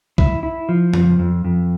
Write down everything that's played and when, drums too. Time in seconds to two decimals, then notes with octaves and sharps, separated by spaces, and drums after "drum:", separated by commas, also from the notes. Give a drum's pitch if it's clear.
0.18 E4, drum: kick B1
0.43 E4
0.69 F3
0.94 F2, drum: tom
1.19 F2
1.45 F2